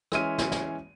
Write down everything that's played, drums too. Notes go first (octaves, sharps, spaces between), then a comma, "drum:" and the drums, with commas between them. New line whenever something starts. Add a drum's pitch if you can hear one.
E3 G#3 C#4 E5 F6 D#7, drum: rim click
drum: snare
drum: snare